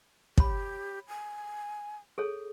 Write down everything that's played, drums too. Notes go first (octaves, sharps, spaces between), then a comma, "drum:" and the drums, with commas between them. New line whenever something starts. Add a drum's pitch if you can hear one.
G4 C#5 B5, drum: kick
G#5
G#4 A4 C#5